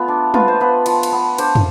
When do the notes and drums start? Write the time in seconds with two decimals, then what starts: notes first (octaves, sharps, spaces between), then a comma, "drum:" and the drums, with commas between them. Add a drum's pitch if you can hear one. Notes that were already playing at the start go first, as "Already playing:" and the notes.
Already playing: A3 B3 F4
0.08 D4
0.34 F4 B4, drum: tom
0.48 C5
0.60 B3 B4
0.86 F3, drum: cymbal
1.03 drum: cymbal
1.12 B3
1.38 D4 C5, drum: cymbal
1.55 drum: tom